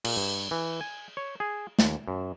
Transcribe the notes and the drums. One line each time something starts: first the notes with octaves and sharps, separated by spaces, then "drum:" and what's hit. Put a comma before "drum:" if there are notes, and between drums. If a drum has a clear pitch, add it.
A#2, drum: cymbal
G2
E3
G#5
C#5
G#4
D#2, drum: snare
F#2